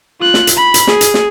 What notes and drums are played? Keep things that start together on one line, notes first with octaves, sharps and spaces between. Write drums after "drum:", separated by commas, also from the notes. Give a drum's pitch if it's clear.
F4 F#6
drum: snare
drum: hi-hat
B5
drum: hi-hat
G#4, drum: snare
drum: hi-hat
drum: snare